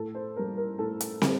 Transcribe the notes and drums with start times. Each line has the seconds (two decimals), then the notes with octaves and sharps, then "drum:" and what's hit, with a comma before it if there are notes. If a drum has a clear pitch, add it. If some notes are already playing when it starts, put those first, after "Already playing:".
Already playing: A2 A4
0.15 C5
0.36 G3 A#3 A#4
0.57 A#4
0.79 A2 A4
1.01 drum: hi-hat
1.22 G3, drum: snare